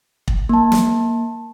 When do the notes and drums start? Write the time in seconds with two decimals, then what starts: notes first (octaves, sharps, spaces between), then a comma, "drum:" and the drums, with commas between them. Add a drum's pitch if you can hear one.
0.28 drum: kick
0.49 A#3 A5
0.72 drum: snare